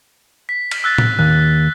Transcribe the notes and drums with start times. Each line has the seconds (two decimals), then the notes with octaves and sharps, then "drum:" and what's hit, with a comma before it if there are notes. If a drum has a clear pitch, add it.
0.49 B6
0.71 drum: cymbal
0.84 E6 F#6 A6
0.98 drum: tom
1.19 D#2 F#6